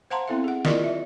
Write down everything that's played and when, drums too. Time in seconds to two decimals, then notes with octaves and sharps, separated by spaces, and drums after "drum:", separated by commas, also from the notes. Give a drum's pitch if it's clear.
0.11 C5 F5 F#5 A5 A#5 C6
0.28 B3 C4 E4 A4 E5 F5
0.44 G#4 F#5
0.65 E4 F4 G4 A#4 D5 D#5, drum: snare
0.84 F#3 E5